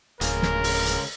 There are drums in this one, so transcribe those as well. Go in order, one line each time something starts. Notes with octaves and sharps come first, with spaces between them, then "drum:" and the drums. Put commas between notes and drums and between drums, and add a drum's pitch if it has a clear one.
D1 C#3 F4 G#4 A#4, drum: hi-hat
drum: snare
drum: open hi-hat
drum: hi-hat